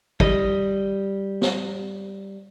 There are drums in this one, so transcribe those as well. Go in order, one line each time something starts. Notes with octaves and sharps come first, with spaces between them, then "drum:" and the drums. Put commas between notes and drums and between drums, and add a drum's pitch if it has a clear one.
G3 D#5, drum: kick
drum: snare